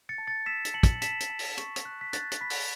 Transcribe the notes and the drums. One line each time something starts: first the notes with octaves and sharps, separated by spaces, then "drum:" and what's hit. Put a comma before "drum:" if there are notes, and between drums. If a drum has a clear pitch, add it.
A6 C#7
A5
A6 C#7
E6 B6 E7
drum: hi-hat
A5 C#7 F#7
drum: kick, hi-hat
A5 B6 E7, drum: hi-hat
drum: hi-hat
A5
drum: open hi-hat
C#6, drum: hi-hat
drum: hi-hat
F#6
B6
F#6 A6, drum: hi-hat
drum: hi-hat
B5 B6
drum: open hi-hat